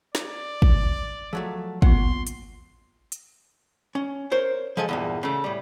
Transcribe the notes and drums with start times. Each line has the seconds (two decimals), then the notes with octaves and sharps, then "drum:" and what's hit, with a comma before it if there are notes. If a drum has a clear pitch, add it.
0.15 D5, drum: snare
0.62 drum: kick
1.33 F3 F#3 A3 G#4
1.82 A#3 B3 F4 F#5 C6, drum: kick
2.27 drum: hi-hat
3.12 drum: hi-hat
3.95 C#4
4.31 A#4 C5 C#5
4.77 F3 G#3 A4 G#5 A5
4.89 E2 G2 A#2
5.23 C#3 A3
5.44 A2 G3